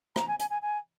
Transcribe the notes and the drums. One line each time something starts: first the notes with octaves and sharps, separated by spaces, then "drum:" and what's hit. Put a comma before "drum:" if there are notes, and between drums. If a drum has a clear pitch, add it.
A#5, drum: rim click
G#5
G#5, drum: hi-hat
G#5
G#5